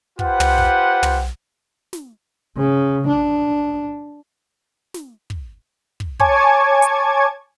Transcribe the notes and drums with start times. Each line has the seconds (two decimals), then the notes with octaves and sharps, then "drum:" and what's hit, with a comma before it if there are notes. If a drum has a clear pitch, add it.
0.19 F4 G4 B4 C5 F#5, drum: kick
0.40 drum: tom
0.58 drum: kick
1.03 drum: tom
1.93 drum: snare
2.58 C#3
3.08 D4
4.94 drum: snare
5.30 drum: kick
6.00 drum: kick
6.19 C#5 G#5 A5 C#6 D6 G#6, drum: kick
6.82 drum: hi-hat